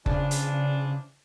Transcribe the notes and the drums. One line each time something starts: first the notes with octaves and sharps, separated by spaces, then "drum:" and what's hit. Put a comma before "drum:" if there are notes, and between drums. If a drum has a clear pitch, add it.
C#3 E3 F3 D4, drum: kick F#1
drum: hi-hat